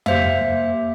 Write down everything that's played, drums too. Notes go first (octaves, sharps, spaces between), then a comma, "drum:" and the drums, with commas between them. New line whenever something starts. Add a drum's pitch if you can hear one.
A#3 G4 C5 E5 F5, drum: tom F2